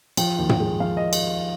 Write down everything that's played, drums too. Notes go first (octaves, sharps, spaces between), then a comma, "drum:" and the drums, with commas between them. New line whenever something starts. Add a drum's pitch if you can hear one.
F3 G5, drum: cymbal
D#2
G5, drum: tom
G#3
F3 F5
D#5
drum: cymbal